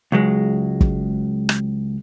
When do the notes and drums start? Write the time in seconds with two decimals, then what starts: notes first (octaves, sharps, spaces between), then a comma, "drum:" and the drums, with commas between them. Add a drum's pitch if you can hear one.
0.12 C#2 F#3 G#3
0.81 drum: kick
1.49 drum: rim click